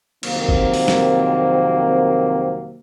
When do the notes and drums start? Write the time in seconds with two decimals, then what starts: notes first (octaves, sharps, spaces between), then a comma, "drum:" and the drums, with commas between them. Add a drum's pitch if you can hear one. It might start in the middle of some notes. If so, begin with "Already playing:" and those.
0.23 F2 C3 D#3 F#3 A#3 C4, drum: cymbal
0.49 drum: kick
0.74 drum: open hi-hat
0.88 drum: snare